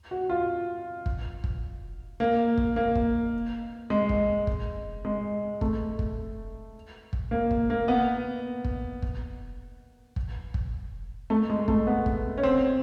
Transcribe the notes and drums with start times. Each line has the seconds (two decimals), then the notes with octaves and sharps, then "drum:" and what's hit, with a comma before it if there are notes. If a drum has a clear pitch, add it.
0.11 F#4
0.30 F4
1.06 drum: kick
1.44 drum: kick
2.20 A#3
2.58 drum: kick
2.76 A#3
2.95 drum: kick
3.90 G#3
4.09 drum: kick
4.47 drum: kick
5.05 G#3
5.61 A3, drum: kick
5.99 drum: kick
7.13 drum: kick
7.31 A#3
7.51 drum: kick
7.70 A#3
7.88 B3
8.65 drum: kick
9.02 drum: kick
10.16 drum: kick
10.54 drum: kick
11.30 A3
11.50 G#3
11.68 A3, drum: kick
11.87 B3
12.06 drum: kick
12.38 C#4
12.43 C4